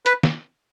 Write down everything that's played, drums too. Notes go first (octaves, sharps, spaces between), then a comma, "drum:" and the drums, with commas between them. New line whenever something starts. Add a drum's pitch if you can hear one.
B4, drum: hi-hat
drum: snare